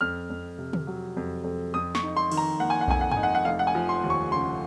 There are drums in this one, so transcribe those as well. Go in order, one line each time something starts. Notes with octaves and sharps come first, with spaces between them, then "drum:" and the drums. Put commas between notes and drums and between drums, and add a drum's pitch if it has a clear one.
F2 F6
F2
C3
drum: tom
F#3
F2
F2
F2 D#6
C#6, drum: snare
D#4
C6
D#3, drum: cymbal
A#5
A#3 F#5
G#5
F#5
F2 G#5, drum: kick B1
F#5
G#5, drum: tom G2
D#4
F#5
F#5
F1 F5
F#5
G#5
F3
C6
D#2
C#6
C#3 C6